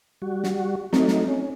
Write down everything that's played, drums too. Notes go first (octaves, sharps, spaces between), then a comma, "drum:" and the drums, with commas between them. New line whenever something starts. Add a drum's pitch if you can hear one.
G3 F#4
drum: snare
F#3 A3 C4 D#4, drum: snare
drum: snare
C#4